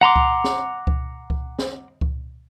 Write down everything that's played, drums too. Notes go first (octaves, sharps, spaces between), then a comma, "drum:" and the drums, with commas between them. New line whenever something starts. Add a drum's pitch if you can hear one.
F#5 A#5 C6 D6
drum: kick C#2
drum: snare
drum: kick C#2
drum: kick C#2
drum: snare
drum: kick C#2